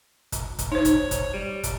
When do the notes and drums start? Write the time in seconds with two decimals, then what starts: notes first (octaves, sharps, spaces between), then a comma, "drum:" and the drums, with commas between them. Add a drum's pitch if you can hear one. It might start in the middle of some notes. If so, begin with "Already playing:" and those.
0.32 drum: kick, hi-hat
0.59 drum: kick, hi-hat
0.72 D#4 C5 C#5
0.85 drum: kick, hi-hat
1.11 drum: kick, hi-hat
1.33 G3
1.63 drum: kick, hi-hat